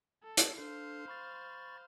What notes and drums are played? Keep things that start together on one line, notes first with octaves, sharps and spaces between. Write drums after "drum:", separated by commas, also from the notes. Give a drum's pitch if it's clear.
A4
drum: hi-hat
D4 A4 C5 F5 C7
B5 C#6 A6